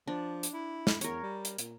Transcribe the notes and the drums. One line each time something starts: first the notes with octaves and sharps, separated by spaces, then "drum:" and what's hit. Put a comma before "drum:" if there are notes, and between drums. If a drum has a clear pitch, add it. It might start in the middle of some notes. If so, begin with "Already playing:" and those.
F3 D4
drum: hi-hat
E4
drum: snare
E2 A#4 C#5, drum: hi-hat
G3
drum: hi-hat
A#2, drum: hi-hat